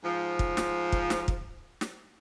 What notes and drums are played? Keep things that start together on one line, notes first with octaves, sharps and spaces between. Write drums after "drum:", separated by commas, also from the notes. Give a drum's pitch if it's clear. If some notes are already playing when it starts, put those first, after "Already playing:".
G#2 F3
drum: kick
drum: snare
drum: kick
drum: snare
drum: kick
drum: snare